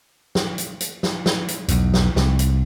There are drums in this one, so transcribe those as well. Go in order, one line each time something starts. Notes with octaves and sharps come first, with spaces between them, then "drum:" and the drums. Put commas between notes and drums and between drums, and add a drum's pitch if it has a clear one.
drum: snare
drum: hi-hat
drum: hi-hat
drum: snare
drum: snare
drum: hi-hat
B1 E2, drum: hi-hat
drum: snare
C2, drum: snare
drum: hi-hat